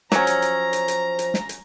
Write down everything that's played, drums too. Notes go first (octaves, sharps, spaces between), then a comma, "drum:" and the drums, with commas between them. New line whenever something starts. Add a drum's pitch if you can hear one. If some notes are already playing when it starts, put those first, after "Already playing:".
F3 F#3 C#4 A#5, drum: snare
drum: hi-hat
drum: hi-hat
drum: hi-hat
drum: hi-hat
drum: hi-hat
drum: snare
drum: hi-hat